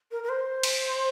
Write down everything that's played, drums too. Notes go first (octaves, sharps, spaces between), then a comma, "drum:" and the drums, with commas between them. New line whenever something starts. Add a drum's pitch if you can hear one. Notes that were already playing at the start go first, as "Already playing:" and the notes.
A#4
A#4
C5
drum: cymbal